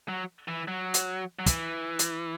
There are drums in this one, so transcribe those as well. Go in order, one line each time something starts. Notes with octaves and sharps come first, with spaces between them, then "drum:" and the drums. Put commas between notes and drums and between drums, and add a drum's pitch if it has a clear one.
F#3
E3
F#3
drum: hi-hat
F#3
E3, drum: kick, hi-hat
drum: hi-hat